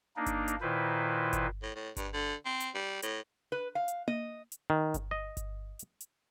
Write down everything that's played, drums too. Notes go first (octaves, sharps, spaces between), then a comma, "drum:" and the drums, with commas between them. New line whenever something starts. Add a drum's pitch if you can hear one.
A#3 D4 D#4
drum: kick G1, hi-hat
drum: hi-hat
A#2 D#3 E4 B4 C5
drum: kick G1, hi-hat
A2
A2
G2, drum: kick G1, hi-hat
D3
C4
drum: hi-hat
G3
A2, drum: hi-hat
B4
F5
drum: hi-hat
D#5, drum: tom A#3
drum: hi-hat
D#3
drum: kick G1, hi-hat
D#5
drum: kick G1, hi-hat
drum: hi-hat
drum: hi-hat